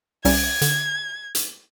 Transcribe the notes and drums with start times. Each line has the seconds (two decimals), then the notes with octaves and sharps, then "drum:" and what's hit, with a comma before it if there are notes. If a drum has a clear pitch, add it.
0.25 C2 G3 C#4 G#6, drum: open hi-hat
0.61 D3, drum: hi-hat
1.35 drum: hi-hat